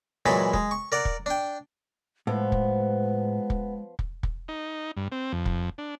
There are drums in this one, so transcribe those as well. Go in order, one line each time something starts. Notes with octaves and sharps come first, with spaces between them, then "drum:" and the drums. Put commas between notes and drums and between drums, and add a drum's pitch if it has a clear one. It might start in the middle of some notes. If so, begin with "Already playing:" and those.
A#2 E3 F#3 G#3 A5 B5
G#3, drum: kick
C#6
A#4 D5 F#5
drum: kick
D4 G5
A2 F3 G#3 B3
drum: kick
drum: kick
drum: kick
drum: kick
D#4
G2
C4
F2
drum: kick
D4